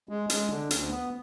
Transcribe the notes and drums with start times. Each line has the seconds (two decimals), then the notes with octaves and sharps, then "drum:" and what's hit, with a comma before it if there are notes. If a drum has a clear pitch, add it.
0.09 G#3
0.30 G#3, drum: hi-hat
0.50 D3
0.71 D2, drum: hi-hat
0.91 B3